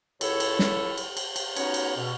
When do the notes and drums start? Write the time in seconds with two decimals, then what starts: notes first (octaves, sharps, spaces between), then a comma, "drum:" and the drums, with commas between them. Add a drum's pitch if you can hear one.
0.21 C#2 E4 A4 C#5, drum: cymbal
0.40 drum: cymbal
0.59 drum: snare
0.98 drum: cymbal
1.17 drum: cymbal
1.36 drum: cymbal
1.56 B3 C#4 D#4 F#4 C#5, drum: cymbal
1.74 drum: cymbal
1.97 B2